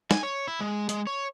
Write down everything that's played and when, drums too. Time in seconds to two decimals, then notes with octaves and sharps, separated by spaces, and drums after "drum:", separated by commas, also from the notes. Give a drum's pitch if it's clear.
0.11 G#5, drum: snare
0.23 C#5
0.47 E4
0.61 G#3
0.89 G#3, drum: hi-hat
1.07 C#5